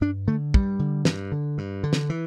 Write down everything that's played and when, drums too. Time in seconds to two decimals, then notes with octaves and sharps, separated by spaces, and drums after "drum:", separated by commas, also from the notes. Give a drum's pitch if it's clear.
0.01 G2 D4
0.27 D3 A3
0.54 G2 G3, drum: kick
0.79 D3
1.05 G2, drum: snare
1.32 D3
1.58 G2
1.84 D3
1.93 drum: snare
2.10 E3